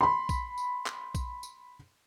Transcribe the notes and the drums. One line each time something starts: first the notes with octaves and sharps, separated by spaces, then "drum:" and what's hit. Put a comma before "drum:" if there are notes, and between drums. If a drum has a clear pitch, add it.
B5 C6
drum: kick, tambourine
drum: tambourine
drum: clap
drum: kick, tambourine
drum: tambourine